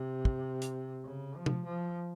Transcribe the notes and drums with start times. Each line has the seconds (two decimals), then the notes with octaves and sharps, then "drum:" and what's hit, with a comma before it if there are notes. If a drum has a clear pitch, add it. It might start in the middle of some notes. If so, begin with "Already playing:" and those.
Already playing: C3
0.25 drum: kick
0.62 drum: hi-hat
1.04 C#3
1.35 F3
1.46 drum: tom
1.66 F3